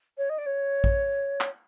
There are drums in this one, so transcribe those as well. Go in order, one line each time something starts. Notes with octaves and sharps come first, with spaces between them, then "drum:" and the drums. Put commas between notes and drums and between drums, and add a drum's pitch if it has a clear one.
C#5
D#5
D5
C#5
drum: kick
drum: clap